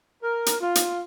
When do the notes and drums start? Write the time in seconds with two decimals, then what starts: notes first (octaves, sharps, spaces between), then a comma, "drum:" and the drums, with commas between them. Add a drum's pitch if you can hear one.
0.22 A#4
0.46 drum: hi-hat
0.61 F4
0.75 drum: hi-hat